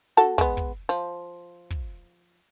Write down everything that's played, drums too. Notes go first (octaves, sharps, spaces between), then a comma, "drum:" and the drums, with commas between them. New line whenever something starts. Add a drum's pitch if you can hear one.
F#4 A4 A5, drum: snare
G#3 B3, drum: kick
drum: kick
F3
drum: kick